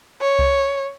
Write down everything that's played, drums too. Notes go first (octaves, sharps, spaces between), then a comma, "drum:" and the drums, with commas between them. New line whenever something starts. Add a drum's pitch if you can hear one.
C#5
drum: kick C2